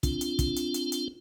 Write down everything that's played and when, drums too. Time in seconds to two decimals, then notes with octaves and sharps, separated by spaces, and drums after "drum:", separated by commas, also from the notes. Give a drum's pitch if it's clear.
0.03 C4 D4 F4, drum: kick, hi-hat
0.21 drum: hi-hat
0.39 drum: kick, hi-hat
0.56 drum: hi-hat
0.74 drum: hi-hat
0.92 drum: hi-hat